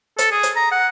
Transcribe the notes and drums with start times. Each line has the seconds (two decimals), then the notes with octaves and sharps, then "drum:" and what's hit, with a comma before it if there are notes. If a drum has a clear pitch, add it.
0.18 A4, drum: hi-hat
0.32 G#4
0.43 drum: hi-hat
0.56 A#5
0.72 F#5